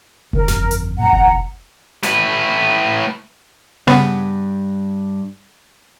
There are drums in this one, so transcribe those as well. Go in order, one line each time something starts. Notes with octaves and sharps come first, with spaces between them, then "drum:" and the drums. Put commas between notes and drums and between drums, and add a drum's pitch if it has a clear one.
F1 D3 A3 A#4, drum: kick F1
G1 F2, drum: snare
drum: hi-hat
F#2 A#2 F#5 A#5
D1 A1 B2, drum: kick F1
A2 B4, drum: snare
G2 C#3 B3